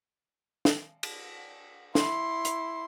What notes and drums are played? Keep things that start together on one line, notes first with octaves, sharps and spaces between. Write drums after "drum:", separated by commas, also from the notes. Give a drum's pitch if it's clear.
drum: snare
drum: cymbal
E4 C6, drum: snare
drum: hi-hat